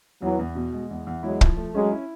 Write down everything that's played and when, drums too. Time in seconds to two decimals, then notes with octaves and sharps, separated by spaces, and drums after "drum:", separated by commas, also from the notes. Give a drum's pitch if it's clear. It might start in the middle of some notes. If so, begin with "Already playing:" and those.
0.22 E2 E3 F#3
0.39 E2
0.55 B2
0.73 G#3
0.90 E2
1.07 E2
1.23 F#3 G#3 E4
1.41 F3, drum: kick
1.57 A3
1.75 F#3 G#3 C#4
1.92 E4